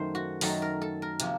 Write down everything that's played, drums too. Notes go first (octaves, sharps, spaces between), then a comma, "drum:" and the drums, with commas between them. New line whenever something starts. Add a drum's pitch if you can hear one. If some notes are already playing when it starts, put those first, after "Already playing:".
Already playing: F#2 D#3 F#3 A3 C5
F#4
F#2 D#3 F#3 A3 A4, drum: open hi-hat
A#4
A4
A#4
C3 F3 A#3, drum: hi-hat